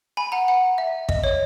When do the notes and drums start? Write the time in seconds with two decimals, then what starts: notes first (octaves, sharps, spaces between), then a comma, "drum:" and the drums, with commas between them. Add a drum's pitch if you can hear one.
0.17 G#5 B5
0.32 F#5 A#5
0.48 F#5
0.78 E5
1.09 D#5, drum: kick
1.24 C#5